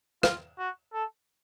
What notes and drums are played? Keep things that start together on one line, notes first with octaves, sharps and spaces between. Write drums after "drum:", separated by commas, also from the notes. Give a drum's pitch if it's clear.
F4, drum: rim click
F#4
A4